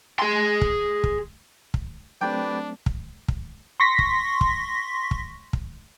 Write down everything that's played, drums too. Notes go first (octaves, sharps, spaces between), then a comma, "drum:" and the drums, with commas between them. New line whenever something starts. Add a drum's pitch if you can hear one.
G#4 C6
drum: kick
drum: kick
drum: kick
F#3 A3 C4 D4 G4 B4 D5 G5
drum: kick
drum: kick
C6 C#6 A#6 B6
drum: kick
drum: kick
drum: kick
drum: kick